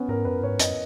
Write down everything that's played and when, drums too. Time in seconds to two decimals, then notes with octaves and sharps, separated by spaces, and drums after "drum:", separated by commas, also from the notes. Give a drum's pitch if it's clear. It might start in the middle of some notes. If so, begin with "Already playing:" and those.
Already playing: B3 C#4
0.08 G#2 A#4
0.25 F#2 B4
0.43 G#2 C#5
0.60 F#2 D#5, drum: hi-hat